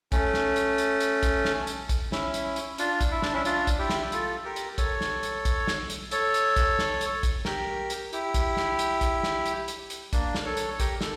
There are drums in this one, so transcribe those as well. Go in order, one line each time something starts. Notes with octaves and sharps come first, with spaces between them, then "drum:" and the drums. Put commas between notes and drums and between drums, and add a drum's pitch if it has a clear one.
A3 C#4, drum: kick, hi-hat
drum: snare
drum: hi-hat
drum: hi-hat
drum: hi-hat
drum: kick, hi-hat
drum: snare
drum: hi-hat
drum: kick, hi-hat
C#4 E4, drum: snare
drum: hi-hat
drum: hi-hat
D4 F4, drum: hi-hat
drum: kick, hi-hat
E4
D4, drum: snare
C#4 E4
D4 F4, drum: hi-hat
drum: kick, hi-hat
E4 G4
drum: snare
F4 A4, drum: hi-hat
G4 A#4
drum: hi-hat
A4 C#5, drum: kick, hi-hat
drum: snare
drum: hi-hat
drum: kick, hi-hat
drum: snare
drum: hi-hat
A4 C#5, drum: hi-hat
drum: hi-hat
drum: kick, hi-hat
drum: snare
drum: hi-hat
drum: kick, hi-hat
G4 A#4, drum: snare
drum: hi-hat
E4 G4, drum: hi-hat
drum: kick, hi-hat
drum: snare
drum: hi-hat
drum: kick, hi-hat
drum: snare
drum: hi-hat
drum: hi-hat
drum: hi-hat
A#3 D4, drum: kick, hi-hat
drum: snare
A4 C#5
drum: hi-hat
G4 A#4, drum: kick, hi-hat
A4, drum: snare